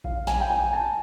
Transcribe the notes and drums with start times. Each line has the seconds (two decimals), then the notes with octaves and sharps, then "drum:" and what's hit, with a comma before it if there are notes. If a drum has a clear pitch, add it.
0.04 F5, drum: kick A#1
0.27 G#5, drum: snare
0.40 G5
0.50 G#5
0.73 A5